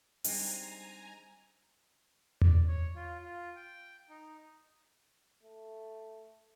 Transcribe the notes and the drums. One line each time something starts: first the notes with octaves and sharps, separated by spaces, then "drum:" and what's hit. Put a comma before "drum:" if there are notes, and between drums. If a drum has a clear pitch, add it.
G3 G#3 C4 D4 D#4 G#5 A#5, drum: open hi-hat
D5, drum: tom E2
C#5
F4
F4
G5
D#4
A3